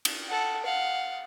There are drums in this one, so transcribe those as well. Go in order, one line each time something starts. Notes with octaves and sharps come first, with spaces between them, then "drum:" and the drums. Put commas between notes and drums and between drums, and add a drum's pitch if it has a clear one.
drum: cymbal
A4 F#5
F5 F#5